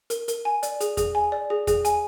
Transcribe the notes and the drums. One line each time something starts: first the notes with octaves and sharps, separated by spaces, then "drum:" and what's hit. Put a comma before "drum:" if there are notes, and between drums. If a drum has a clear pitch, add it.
A#4, drum: hi-hat
A#4, drum: hi-hat
G#5
D5, drum: hi-hat
G#4, drum: hi-hat
G#4, drum: kick E2, hi-hat
G#5
D5
G#4
G#4, drum: kick E2, hi-hat
G#5, drum: hi-hat